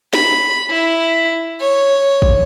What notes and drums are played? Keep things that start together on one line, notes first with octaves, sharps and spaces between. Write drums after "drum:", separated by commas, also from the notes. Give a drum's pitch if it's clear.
B5, drum: snare
E4
C#5
drum: kick